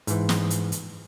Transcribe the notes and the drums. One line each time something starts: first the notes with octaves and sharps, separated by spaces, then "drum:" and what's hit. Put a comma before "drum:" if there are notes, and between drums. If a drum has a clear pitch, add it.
G#2 E3, drum: hi-hat
drum: snare
drum: hi-hat
drum: hi-hat